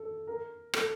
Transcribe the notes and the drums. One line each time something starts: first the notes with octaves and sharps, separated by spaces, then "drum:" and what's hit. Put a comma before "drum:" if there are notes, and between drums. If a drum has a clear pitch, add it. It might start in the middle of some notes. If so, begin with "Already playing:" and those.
Already playing: A4
A#4
A4, drum: rim click